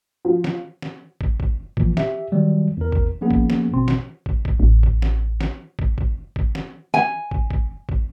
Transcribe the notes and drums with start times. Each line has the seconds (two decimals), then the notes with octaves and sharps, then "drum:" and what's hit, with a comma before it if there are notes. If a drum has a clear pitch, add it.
0.25 F3
0.44 drum: snare
0.82 drum: snare
1.21 drum: kick
1.40 drum: kick
1.77 A#2 E3 F3, drum: kick
1.97 G4 E5, drum: snare
2.32 D#3 F#3 G3
2.77 E2 A#4
2.92 drum: kick
3.21 F3 A#3 B3 C#4 G#4
3.31 drum: kick
3.50 drum: snare
3.73 A1 B2 C4 C6
3.88 drum: snare
4.26 drum: kick
4.45 drum: kick
4.60 A1
4.83 drum: kick
5.02 drum: snare
5.41 drum: snare
5.79 drum: kick
5.98 drum: kick
6.36 drum: kick
6.55 drum: snare
6.94 G#5, drum: snare
7.31 drum: kick
7.51 drum: kick
7.89 drum: kick